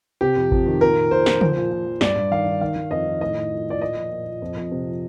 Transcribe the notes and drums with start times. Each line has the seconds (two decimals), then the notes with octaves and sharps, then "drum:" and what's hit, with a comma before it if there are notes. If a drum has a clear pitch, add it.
0.21 C3 G4
0.36 F2
0.52 F2, drum: kick G#1
0.66 D#3
0.81 A#2 A#4
0.96 A#2
1.11 A#2 C5
1.26 F3, drum: snare
1.41 F3, drum: tom
1.56 A#2
1.71 A#2
1.86 F3
2.01 G2 D5, drum: snare
2.16 G2
2.31 D#3 F5
2.46 D#3
2.61 D#3 F5
2.76 D#3
2.91 F2 D#5
3.06 D#3
3.21 A2 D#5
3.37 A2
3.51 F3
3.66 F3 D5
3.81 A#2 D#5
3.97 F3
4.11 A#2
4.26 A#2
4.42 F2
4.56 F2
4.72 C3
4.86 F3